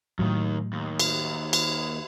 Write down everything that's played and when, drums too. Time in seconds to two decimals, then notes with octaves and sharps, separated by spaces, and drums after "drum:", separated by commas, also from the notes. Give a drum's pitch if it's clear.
0.19 D#2 A2 D#3 F#3
0.73 D#2
1.00 drum: cymbal
1.53 drum: cymbal